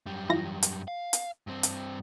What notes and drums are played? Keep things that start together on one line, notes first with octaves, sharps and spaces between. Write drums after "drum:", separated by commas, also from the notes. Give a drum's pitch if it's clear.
F#2 G3
E3 F4 A#6
drum: hi-hat
F5
drum: hi-hat
G2 C4
drum: hi-hat